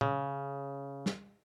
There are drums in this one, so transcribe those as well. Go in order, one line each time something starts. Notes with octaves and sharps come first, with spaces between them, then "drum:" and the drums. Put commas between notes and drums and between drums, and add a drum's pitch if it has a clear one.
C#3, drum: tom
drum: snare